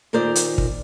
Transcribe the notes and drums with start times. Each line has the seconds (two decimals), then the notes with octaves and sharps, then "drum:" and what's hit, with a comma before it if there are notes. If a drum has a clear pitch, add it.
0.13 A#2 D#3 A#4 C5 D5
0.35 drum: hi-hat
0.58 drum: kick